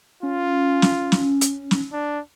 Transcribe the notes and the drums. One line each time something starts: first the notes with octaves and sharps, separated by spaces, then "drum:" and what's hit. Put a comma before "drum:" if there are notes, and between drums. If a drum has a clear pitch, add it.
C#4 F4
drum: snare
drum: snare
drum: hi-hat
drum: snare
D4